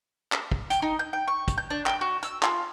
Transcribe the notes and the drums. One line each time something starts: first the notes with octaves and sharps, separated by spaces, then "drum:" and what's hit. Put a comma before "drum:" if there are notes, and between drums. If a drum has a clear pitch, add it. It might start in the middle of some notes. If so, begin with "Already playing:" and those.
drum: clap
drum: kick
G5, drum: hi-hat
D#4
G6
G5
C#6
drum: kick, hi-hat
G6
D4
G5, drum: clap
F#4
E6, drum: hi-hat
F4, drum: clap